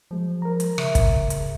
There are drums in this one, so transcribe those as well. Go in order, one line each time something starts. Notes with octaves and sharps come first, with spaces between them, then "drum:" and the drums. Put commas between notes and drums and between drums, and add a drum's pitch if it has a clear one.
F3 F#3 G#3
A#4 A#5
drum: hi-hat
C#3 E5, drum: rim click
drum: kick, hi-hat
drum: hi-hat